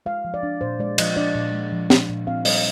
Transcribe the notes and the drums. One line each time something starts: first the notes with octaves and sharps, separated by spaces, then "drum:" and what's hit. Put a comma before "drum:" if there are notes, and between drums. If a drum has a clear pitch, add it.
G#3 F5
F3
D5
D4
A#2 C5
G#3 D5
F3 D#5, drum: cymbal
D4 D5
A#2
G#3
F3
D4, drum: snare
A#2
C4 F5
G3 D#5, drum: open hi-hat